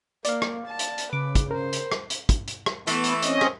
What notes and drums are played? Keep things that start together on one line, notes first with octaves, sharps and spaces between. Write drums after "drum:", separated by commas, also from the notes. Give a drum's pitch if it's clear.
A#3 D5 F5, drum: hi-hat
drum: rim click
A5
drum: hi-hat
drum: hi-hat
C#3 B4 D6
drum: kick, hi-hat
A#4 C5
drum: hi-hat
drum: rim click
drum: hi-hat
drum: kick, hi-hat
drum: hi-hat
drum: rim click
E3 A3 B3, drum: hi-hat
drum: hi-hat
C4 C#4 D#5, drum: hi-hat
drum: rim click